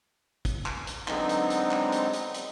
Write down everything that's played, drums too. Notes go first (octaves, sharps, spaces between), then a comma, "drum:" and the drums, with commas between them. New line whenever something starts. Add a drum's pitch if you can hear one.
drum: kick, hi-hat
drum: clap
drum: hi-hat
D3 F#3 G#3 B3 C4 D#4, drum: clap
drum: hi-hat
drum: hi-hat
drum: clap
drum: hi-hat
drum: hi-hat
drum: hi-hat